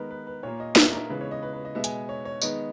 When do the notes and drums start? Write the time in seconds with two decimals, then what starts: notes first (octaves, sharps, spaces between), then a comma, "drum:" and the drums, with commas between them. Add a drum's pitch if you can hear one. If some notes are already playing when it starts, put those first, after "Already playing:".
Already playing: D#3 G#3 B3 A#4 B4
0.10 B4
0.27 B4
0.43 A#2 A#3 C#5
0.60 D#5
0.76 E5, drum: snare
0.92 A#4
1.09 C#3 E3 G#3 B3 B4
1.21 C#5
1.31 D#5
1.42 B4
1.53 B4
1.65 D#5
1.75 B2 G#3 B3 E5
1.84 G#5, drum: hi-hat
2.09 C#5
2.25 C#5
2.42 D#3 G#3 B3 D#5, drum: tambourine